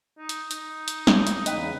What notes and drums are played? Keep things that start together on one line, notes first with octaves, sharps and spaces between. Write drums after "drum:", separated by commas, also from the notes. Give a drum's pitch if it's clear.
D#4
drum: hi-hat
D#4, drum: hi-hat
drum: hi-hat
drum: snare
drum: hi-hat
E2 C#3 D#4 B4 D#5 G5, drum: hi-hat